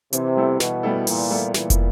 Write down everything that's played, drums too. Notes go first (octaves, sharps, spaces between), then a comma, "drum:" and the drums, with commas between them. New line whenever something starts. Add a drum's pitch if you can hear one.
C3 E3, drum: hi-hat
G3 B3 E4 A4
B2 E3, drum: snare
G3 B3 E4 A4
A#2 E3, drum: open hi-hat
G3 B3 E4 A4
A#2 E3, drum: snare
drum: kick, hi-hat